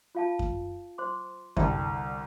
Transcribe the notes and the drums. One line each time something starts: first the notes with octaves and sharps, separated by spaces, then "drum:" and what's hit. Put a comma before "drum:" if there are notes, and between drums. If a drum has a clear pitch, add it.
F4 F5 A5
drum: kick F#2
C5 C6 D6
C2 D3 G3 E5 A5, drum: kick F#2